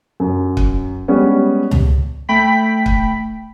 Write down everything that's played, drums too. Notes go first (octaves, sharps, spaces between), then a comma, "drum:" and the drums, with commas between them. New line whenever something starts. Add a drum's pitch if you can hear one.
F#2
drum: kick
G3 G#3 B3 C#4
drum: tom C#2
A3 G5 B5 B6
drum: kick